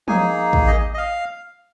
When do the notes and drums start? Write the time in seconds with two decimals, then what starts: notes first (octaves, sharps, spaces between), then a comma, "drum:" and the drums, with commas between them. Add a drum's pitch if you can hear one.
0.08 A#3 D#4 G#4 G#5, drum: tom F3
0.53 drum: kick
0.68 D#5
0.94 D#5
0.98 F5